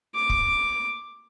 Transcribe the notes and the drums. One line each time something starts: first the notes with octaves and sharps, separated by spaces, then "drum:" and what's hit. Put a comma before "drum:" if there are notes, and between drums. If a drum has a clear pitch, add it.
D6
drum: kick